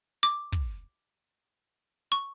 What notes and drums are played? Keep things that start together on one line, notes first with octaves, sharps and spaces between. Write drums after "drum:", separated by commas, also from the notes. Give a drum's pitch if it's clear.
D6
drum: kick
C#6